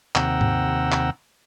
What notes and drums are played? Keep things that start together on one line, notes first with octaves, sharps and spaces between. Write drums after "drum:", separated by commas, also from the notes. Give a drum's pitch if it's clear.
D#2 C3 F#5 G5 A#5 E6, drum: clap
drum: tom G#2
drum: clap